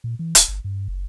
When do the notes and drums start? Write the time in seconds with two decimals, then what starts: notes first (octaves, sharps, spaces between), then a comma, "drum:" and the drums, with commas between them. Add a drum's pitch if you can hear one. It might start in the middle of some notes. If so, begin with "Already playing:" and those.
0.04 A#2
0.19 E3
0.35 D1, drum: hi-hat
0.48 G1
0.64 G2
0.88 F#1